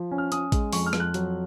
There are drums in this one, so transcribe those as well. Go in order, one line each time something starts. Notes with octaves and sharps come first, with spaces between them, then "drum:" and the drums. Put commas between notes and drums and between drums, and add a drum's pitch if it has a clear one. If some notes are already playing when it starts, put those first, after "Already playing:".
Already playing: F3
C#4
F6
C#4 D#6, drum: hi-hat
G#3, drum: kick A1, hi-hat
F2 C#6, drum: open hi-hat
F6
F2, drum: rim click
F#6
F#3, drum: hi-hat